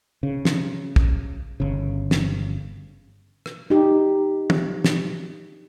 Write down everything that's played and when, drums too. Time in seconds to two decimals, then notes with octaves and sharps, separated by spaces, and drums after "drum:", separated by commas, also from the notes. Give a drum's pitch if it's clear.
0.23 C#3
0.45 drum: snare
0.96 drum: kick
1.60 G1 C#3
2.11 drum: snare
3.46 drum: rim click
3.70 D#4 G4
4.50 drum: tom
4.84 drum: snare